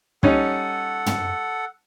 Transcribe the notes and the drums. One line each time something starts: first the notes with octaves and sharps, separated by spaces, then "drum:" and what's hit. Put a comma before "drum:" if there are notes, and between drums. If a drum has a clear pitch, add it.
G3 C#4 D#4 A4 F#5, drum: kick
drum: tom